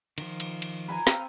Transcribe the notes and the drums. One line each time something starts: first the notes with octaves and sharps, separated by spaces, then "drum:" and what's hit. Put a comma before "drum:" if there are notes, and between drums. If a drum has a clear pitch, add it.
D#3 F3, drum: cymbal
drum: cymbal
drum: cymbal
B4 G#5 A#5
C4 F5 G5, drum: snare